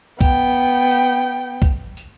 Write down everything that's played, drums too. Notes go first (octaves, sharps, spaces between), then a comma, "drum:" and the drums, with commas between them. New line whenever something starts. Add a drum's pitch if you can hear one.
B3 G5, drum: kick, tambourine
drum: tambourine
drum: kick, tambourine
drum: tambourine